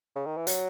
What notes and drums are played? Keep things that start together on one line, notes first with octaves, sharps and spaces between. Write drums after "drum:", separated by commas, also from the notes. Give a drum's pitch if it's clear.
C#3
D#3
E3
F#3, drum: hi-hat